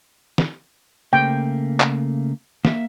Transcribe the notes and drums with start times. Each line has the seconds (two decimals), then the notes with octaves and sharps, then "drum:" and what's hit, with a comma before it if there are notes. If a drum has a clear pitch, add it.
0.38 drum: snare
1.13 C#3 A3 A#3 G5
1.80 drum: clap
2.65 A#3 E5, drum: snare